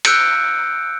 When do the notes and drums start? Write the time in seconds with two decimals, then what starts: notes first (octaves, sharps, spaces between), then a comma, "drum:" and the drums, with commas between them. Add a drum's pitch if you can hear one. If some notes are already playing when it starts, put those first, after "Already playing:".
0.05 E6 F#6 G6 C#7 D7, drum: cymbal